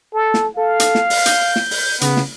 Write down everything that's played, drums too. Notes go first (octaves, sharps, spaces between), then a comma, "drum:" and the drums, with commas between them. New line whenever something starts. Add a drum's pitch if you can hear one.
A4
drum: snare
A4 F5
drum: hi-hat
drum: snare
drum: open hi-hat
G6, drum: hi-hat
drum: snare
drum: open hi-hat
C#3 B3, drum: hi-hat
drum: snare